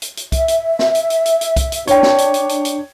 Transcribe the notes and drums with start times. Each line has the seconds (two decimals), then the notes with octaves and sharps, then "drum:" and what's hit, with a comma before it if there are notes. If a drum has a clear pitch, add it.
0.02 drum: hi-hat
0.17 drum: hi-hat
0.32 E5, drum: kick C2, hi-hat
0.48 drum: hi-hat
0.79 drum: snare
0.95 drum: hi-hat
1.10 drum: hi-hat
1.26 drum: hi-hat
1.41 drum: hi-hat
1.56 drum: kick C2, hi-hat
1.72 drum: hi-hat
1.87 D4 C#5 G5, drum: hi-hat
2.03 drum: snare
2.18 drum: hi-hat
2.34 drum: hi-hat
2.49 drum: hi-hat
2.65 drum: hi-hat